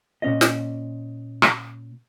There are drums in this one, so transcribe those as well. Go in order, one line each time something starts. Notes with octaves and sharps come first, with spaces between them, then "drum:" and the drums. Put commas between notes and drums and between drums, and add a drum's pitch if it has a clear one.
A#2 C#4 D#5
drum: snare
drum: rim click